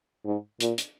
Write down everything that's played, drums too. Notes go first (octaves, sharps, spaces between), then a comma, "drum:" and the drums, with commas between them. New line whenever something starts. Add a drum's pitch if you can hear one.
G#2
A#2, drum: hi-hat
drum: hi-hat